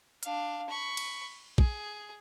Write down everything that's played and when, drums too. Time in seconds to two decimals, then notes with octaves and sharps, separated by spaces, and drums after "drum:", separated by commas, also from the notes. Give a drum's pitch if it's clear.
0.23 D4 F5, drum: hi-hat
0.69 B5 C#6
0.97 drum: cymbal
1.58 G#4, drum: kick